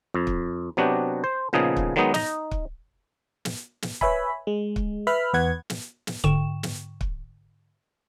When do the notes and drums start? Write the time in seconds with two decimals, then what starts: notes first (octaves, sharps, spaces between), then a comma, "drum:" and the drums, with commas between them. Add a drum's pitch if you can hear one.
0.14 F2
0.27 drum: kick
0.77 C3 F#3 B3 D4 F#4 G4
1.24 C5
1.53 A#2 C#3 F3 B3 D#4 G#4
1.77 drum: kick
1.96 D#3 F#3 G#3 B3 D#4
2.14 D#4 D#5, drum: snare
2.51 drum: kick
3.45 drum: snare
3.82 drum: snare
4.01 B4 C#5 E5 G#5 B5, drum: kick
4.47 G#3
4.76 drum: kick
5.07 B4 E5 B5 F6
5.33 E2 B4 F#5 G#6
5.70 drum: snare
6.07 drum: snare
6.24 G#2 D3 G5 C#6 E7, drum: kick
6.63 drum: snare
7.01 drum: kick